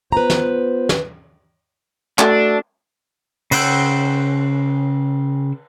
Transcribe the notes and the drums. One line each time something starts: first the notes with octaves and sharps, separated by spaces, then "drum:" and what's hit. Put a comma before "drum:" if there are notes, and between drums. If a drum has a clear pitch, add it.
B3 F4 B4 C5 A#5
drum: snare
drum: snare
A3 D4 F#4 A4, drum: clap
C#3 C5 F#5 G5 E6, drum: cymbal